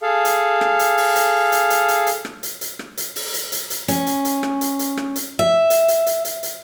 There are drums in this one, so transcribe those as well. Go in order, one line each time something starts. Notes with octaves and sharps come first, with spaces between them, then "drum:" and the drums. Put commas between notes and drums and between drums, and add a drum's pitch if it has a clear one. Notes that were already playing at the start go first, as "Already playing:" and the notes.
G#4 A4 F5
drum: hi-hat
drum: rim click
drum: hi-hat
drum: open hi-hat
drum: hi-hat
drum: hi-hat
drum: hi-hat
drum: hi-hat
drum: hi-hat
drum: rim click
drum: hi-hat
drum: hi-hat
drum: rim click
drum: hi-hat
drum: open hi-hat
drum: hi-hat
drum: hi-hat
drum: hi-hat
C#4, drum: hi-hat
drum: hi-hat
drum: hi-hat
drum: rim click
drum: hi-hat
drum: hi-hat
drum: rim click
drum: hi-hat
E5
drum: hi-hat
drum: hi-hat
drum: hi-hat
drum: hi-hat
drum: hi-hat